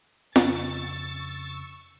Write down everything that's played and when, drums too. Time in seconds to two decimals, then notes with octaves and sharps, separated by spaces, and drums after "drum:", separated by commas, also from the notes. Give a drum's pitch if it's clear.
0.36 F2 C#3 C#6 E6 A6, drum: snare F4